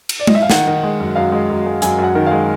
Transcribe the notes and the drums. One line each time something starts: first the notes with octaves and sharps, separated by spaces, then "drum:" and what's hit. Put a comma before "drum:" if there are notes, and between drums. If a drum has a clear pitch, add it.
drum: cymbal
D5
D#5, drum: tom G#3
E5
F5
D#3 F#5, drum: snare
D#3
G#3
F#2
F#2 F5
G#3
F#2
G#3
F#2 G#5, drum: hi-hat
F#2
F#5
D#3
G#3 F5